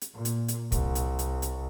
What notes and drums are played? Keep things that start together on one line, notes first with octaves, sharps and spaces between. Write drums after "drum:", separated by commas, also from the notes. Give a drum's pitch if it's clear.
drum: hi-hat
A#2
drum: hi-hat
drum: hi-hat
C2, drum: kick, hi-hat
drum: hi-hat
drum: hi-hat
drum: hi-hat